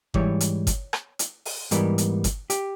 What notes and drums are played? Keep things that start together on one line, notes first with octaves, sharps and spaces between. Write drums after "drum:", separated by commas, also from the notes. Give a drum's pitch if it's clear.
G#2 E3 G3 C#5, drum: kick G1
drum: hi-hat
drum: kick G1, hi-hat
drum: rim click
drum: hi-hat
drum: open hi-hat
G#2 E3 G3 B3 A#4, drum: hi-hat
drum: hi-hat
drum: kick G1, hi-hat
G4, drum: hi-hat